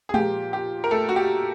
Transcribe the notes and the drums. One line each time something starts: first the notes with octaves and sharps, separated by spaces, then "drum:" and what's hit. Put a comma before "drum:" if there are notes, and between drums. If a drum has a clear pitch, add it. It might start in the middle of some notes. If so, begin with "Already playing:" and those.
G#4
A#2 F3 A#3 G4, drum: tom G#3
G4
A#4
A3 A4
F#4
G4